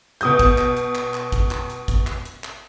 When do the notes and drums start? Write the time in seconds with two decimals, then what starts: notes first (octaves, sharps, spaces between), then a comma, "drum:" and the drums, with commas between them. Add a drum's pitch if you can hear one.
0.21 B2 D#6 G6, drum: hi-hat
0.39 drum: kick, hi-hat
0.58 drum: clap
0.77 drum: hi-hat
0.95 drum: clap
1.14 drum: clap
1.32 drum: kick, hi-hat
1.51 drum: clap
1.70 drum: hi-hat
1.88 drum: kick, hi-hat
2.07 drum: clap
2.25 drum: hi-hat
2.44 drum: clap